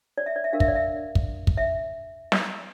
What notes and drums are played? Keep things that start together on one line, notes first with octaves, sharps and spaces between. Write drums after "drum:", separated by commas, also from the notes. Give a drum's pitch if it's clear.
D5
E5
D5
E5
D4 G4 A#4 F5
E5, drum: kick
D5
E5
drum: kick
drum: kick
E5
drum: snare